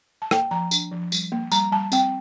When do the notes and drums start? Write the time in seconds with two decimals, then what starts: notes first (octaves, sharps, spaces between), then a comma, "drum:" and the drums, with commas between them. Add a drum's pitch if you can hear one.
0.22 A5
0.31 A#3 G5, drum: rim click
0.51 F3 A#5
0.71 D4, drum: tambourine
0.92 F3
1.12 G3, drum: tambourine
1.32 A#3
1.52 G3 A#5, drum: tambourine
1.72 G3 A5
1.92 C4 G5, drum: tambourine